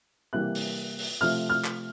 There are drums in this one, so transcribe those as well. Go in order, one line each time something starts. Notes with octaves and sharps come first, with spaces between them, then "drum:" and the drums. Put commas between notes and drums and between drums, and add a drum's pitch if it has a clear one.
C3 E3 G3 A#3 F#6
drum: open hi-hat
drum: open hi-hat
C3 F3 A3 F6
F6
drum: clap